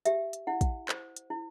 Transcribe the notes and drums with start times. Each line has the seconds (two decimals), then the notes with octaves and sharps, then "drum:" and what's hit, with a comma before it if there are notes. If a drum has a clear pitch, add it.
0.05 G4 E5, drum: hi-hat
0.33 drum: hi-hat
0.47 E4 F#5
0.61 drum: kick, hi-hat
0.89 C5, drum: clap
1.16 drum: hi-hat
1.30 E4